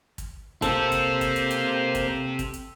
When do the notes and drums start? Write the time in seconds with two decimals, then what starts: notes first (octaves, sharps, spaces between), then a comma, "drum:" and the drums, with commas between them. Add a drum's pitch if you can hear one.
0.18 drum: kick, hi-hat
0.62 A#3 C4 G4 A4 C5, drum: kick, hi-hat
0.92 drum: kick, hi-hat
1.21 drum: kick, hi-hat
1.36 drum: hi-hat
1.51 drum: hi-hat
1.95 drum: kick, hi-hat
2.39 drum: kick, hi-hat
2.54 drum: hi-hat